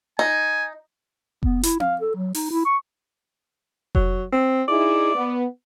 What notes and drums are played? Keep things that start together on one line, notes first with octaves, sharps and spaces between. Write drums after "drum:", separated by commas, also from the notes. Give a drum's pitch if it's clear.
D#4 G#5
B3, drum: kick F1
E4, drum: hi-hat
F5, drum: tom C4
A4
F#3
D#4, drum: open hi-hat
E4
C#6
F#3, drum: kick F1
C4
D#4 E4 G#4 D5
B3